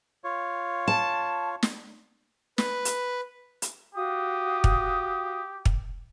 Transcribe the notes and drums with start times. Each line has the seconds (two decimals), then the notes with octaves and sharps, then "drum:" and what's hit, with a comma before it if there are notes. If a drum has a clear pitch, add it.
0.24 F4 C#5
0.88 A5
1.63 drum: snare
2.58 B4, drum: snare
2.85 drum: hi-hat
3.62 drum: hi-hat
3.95 F#4 G4 F5 D#6
4.64 drum: kick
5.65 drum: kick